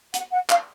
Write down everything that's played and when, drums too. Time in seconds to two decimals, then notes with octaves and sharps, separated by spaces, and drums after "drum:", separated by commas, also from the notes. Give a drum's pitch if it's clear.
0.14 F#5, drum: hi-hat
0.32 F#5
0.50 F5, drum: clap